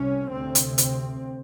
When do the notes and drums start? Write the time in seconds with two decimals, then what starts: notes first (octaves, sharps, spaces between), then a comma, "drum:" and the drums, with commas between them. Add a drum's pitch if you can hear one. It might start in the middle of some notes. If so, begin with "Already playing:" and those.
Already playing: C2 C3 C#4
0.31 D2 C3 C4
0.55 drum: hi-hat
0.78 C4, drum: hi-hat